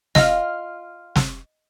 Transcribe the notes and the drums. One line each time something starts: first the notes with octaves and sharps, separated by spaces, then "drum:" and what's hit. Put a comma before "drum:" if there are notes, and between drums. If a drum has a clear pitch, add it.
F4 D#5 F5, drum: snare
drum: snare